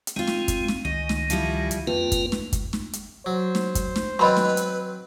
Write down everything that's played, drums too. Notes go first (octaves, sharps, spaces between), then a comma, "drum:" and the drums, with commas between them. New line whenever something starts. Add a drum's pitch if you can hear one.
drum: hi-hat
G#3 C4 F4
drum: snare
drum: kick, hi-hat
drum: snare
C#2 D#3 D#5
drum: snare
F3 G3 E4, drum: hi-hat
drum: hi-hat
F2 A#3 F4 B4
drum: kick, hi-hat
drum: snare
drum: kick, hi-hat
drum: snare
drum: hi-hat
F#3 C5
drum: snare
drum: kick, hi-hat
drum: snare
F#3 C4 B4 D#5 B5 C6
drum: snare
drum: hi-hat